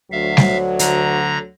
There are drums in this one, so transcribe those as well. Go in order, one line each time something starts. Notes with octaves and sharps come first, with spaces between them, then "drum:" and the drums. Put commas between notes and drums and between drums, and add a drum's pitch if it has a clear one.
D2 F#3 E5 F5
drum: snare
D3 A#5 A#6, drum: hi-hat